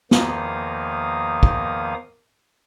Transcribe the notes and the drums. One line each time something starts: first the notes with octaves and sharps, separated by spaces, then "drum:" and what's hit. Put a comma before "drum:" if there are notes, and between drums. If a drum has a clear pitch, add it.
E2 D#3 F3 A#3 F5 D#6, drum: snare
drum: kick